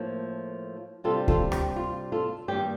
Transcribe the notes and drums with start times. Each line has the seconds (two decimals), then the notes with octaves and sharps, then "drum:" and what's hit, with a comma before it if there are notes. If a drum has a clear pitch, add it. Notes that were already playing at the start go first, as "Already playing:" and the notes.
Already playing: A2 F3 A#3
1.04 C3 G3 D4 F4 A4
1.28 F4 A4, drum: kick D2
1.52 G4, drum: rim click
1.76 F4
2.12 F4 A4
2.48 G2 D#3 G3 A#3 G4